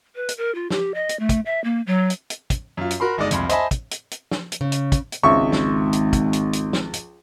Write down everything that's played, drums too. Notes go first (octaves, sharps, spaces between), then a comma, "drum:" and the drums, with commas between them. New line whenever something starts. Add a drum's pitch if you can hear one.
B4
drum: hi-hat
A#4
F4
G4, drum: snare
D#5
drum: hi-hat
A3
drum: kick, hi-hat
E5
A#3
F#3
drum: hi-hat
drum: hi-hat
drum: kick, hi-hat
F#2 F4
drum: hi-hat
F#4 A#4 B5 C6
G1 G#3 D#4 D5 D#5
C2 F2 B5 C6, drum: hi-hat
C5 D#5 E5 G#5 A5 B5, drum: hi-hat
drum: kick, hi-hat
drum: hi-hat
drum: hi-hat
drum: snare
drum: hi-hat
C#3
drum: hi-hat
drum: kick, hi-hat
drum: hi-hat
G#1 C#2 E5 C#6
drum: snare
drum: hi-hat
drum: kick, hi-hat
drum: hi-hat
drum: hi-hat
drum: snare
drum: hi-hat